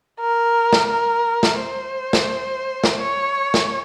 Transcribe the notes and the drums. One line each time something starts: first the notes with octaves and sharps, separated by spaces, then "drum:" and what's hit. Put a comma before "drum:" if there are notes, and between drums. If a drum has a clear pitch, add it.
A#4
drum: snare
A#4
drum: snare
C5
drum: snare
drum: snare
C#5
drum: snare